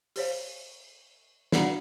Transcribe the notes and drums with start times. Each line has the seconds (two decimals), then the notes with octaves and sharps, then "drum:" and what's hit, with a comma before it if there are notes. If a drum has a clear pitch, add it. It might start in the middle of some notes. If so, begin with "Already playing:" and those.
0.16 G4 C5 C#5 F5, drum: open hi-hat
1.52 G3 D4 F#4 D5 F#5 A#5, drum: snare